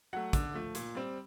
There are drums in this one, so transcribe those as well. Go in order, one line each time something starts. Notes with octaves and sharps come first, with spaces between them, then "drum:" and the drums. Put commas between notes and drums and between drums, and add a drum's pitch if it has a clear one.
F#3 A3 F#5
D3, drum: kick, hi-hat
F3 A3
A#2, drum: hi-hat
G3 C4